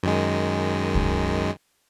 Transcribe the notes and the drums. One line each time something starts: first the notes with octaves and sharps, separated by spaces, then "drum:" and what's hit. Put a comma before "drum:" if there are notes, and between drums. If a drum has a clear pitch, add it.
F#2 D#3 G#3
drum: kick C2